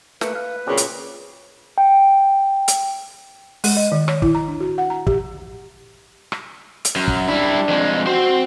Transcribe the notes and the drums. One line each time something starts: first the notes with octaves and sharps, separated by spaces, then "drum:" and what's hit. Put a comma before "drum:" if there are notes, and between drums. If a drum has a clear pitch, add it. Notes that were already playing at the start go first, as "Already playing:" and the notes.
A3 A#3 B4, drum: snare
F5
A#2 C#3 F#3 C4 D4
drum: hi-hat
G5
drum: hi-hat
G#3, drum: open hi-hat
D#5
D#3
C#5, drum: rim click
E4, drum: kick
A#5
D4
F#4
F#5
A#5
G4, drum: kick
drum: rim click
drum: hi-hat
F#2
drum: kick
G3 D4 E4
F2 G#3
C4 F#4 C5